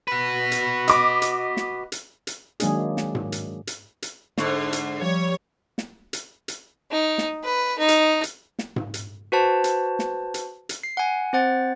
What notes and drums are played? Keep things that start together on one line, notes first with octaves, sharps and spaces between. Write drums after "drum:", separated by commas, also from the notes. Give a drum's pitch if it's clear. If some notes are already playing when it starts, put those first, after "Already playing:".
F#4 B4
drum: hi-hat
D#5 D6, drum: hi-hat
drum: hi-hat
drum: snare
drum: hi-hat
drum: hi-hat
D#3 F#3 G#3 A#3 D4 G#4, drum: hi-hat
drum: snare
drum: tom G#2
drum: hi-hat
drum: hi-hat
drum: hi-hat
G#2 D3, drum: snare
drum: hi-hat
F3 G3 C#5
drum: snare
drum: hi-hat
drum: hi-hat
D#4
drum: snare
B4
D#4
drum: hi-hat
drum: hi-hat
drum: snare
drum: tom G#2
drum: hi-hat
F#4 B4 C5 A5
drum: hi-hat
drum: snare
drum: hi-hat
drum: hi-hat
C7
F#5 G#5
C4 C5 F#5 A6